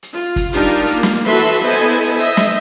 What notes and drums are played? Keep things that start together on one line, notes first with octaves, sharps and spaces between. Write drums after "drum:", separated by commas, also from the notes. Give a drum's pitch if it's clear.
drum: hi-hat
F4
drum: kick, hi-hat
G3 D4 D#4 F4 G4 A#4, drum: hi-hat
drum: hi-hat
A#3, drum: hi-hat
drum: snare
E3 F#4 A4 B4 E5 C6
drum: hi-hat
drum: hi-hat
B3 E4 A4 C5 D#5 G#5
drum: hi-hat
C5 D#5 E5, drum: hi-hat
drum: snare